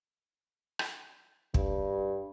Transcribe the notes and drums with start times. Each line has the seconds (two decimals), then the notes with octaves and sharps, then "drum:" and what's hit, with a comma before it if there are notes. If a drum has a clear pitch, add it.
0.79 drum: rim click
1.54 G2, drum: kick